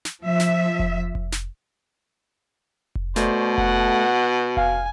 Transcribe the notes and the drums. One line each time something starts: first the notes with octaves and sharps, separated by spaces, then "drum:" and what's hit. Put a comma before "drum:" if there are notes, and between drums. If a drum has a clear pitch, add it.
drum: snare
F3 E5
drum: snare
drum: kick F1
drum: kick F1
drum: snare
drum: kick F1
B2 A3 C5 D5, drum: snare
F#5, drum: kick F1
F5 G#5, drum: kick F1